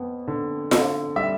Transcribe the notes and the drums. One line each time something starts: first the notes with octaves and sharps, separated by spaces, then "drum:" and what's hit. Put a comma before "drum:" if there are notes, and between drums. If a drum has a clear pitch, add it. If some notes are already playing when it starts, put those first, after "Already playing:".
Already playing: F2 B3
D3
D3, drum: snare F4
G3 E5